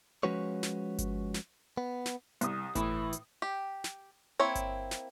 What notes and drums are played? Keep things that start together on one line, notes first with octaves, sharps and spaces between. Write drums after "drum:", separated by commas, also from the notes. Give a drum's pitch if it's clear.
F3 G#3 C#4 F#4 B4 C#5
drum: snare
drum: kick G1, hi-hat
drum: snare
B3
drum: snare
C2 D#6, drum: hi-hat
A2 E3 E4, drum: kick G1, hi-hat
drum: hi-hat
G4
drum: snare
A#3 C4 E4 C#5
drum: kick G1, hi-hat
drum: snare